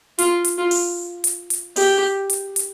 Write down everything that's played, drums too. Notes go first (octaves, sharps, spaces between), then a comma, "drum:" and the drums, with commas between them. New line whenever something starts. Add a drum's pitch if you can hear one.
F4, drum: hi-hat
drum: hi-hat
F4
drum: open hi-hat
drum: hi-hat
drum: hi-hat
G4, drum: open hi-hat
drum: hi-hat
drum: hi-hat